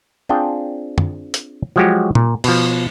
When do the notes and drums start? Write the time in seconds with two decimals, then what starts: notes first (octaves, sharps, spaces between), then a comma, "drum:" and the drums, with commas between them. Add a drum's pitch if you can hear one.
0.29 C4 D4 F4 G#4 F5 G5
0.98 drum: tom
1.34 drum: hi-hat
1.76 F3 F#3 G#3 F#4 G4
2.15 A#2, drum: tom
2.44 B2 F3, drum: cymbal